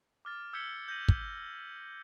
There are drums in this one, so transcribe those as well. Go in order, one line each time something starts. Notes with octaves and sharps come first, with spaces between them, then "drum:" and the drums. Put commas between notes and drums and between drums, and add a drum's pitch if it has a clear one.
D6 F6 A6
E6 G6 G#6 B6 C#7 G7
G6 A#6 D#7 F#7
drum: kick